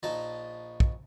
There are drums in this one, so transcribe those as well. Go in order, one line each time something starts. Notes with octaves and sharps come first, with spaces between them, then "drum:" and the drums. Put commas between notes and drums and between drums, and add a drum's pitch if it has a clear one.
A#1 D#4 A5
drum: kick